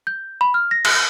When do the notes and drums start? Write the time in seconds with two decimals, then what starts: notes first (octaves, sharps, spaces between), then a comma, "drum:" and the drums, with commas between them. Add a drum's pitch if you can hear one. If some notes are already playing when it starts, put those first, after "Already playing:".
0.07 G6
0.41 B5
0.54 F6
0.71 A#6
0.85 drum: cymbal